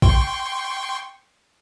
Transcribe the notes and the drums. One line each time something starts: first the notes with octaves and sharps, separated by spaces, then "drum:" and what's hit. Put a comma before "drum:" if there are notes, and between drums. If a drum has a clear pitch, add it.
G5 C6 C#6, drum: kick A1